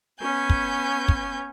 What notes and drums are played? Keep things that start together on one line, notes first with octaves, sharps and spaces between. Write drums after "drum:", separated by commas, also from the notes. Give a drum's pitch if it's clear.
B3 C#4 G#5 G6
drum: kick
drum: kick